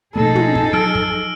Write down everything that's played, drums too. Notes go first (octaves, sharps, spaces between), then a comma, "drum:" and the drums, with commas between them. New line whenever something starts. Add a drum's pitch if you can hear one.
B2 F3 A3 A#3 D#4 G#4 A4
drum: tom
drum: kick
F#3 E6 F6 D7
drum: kick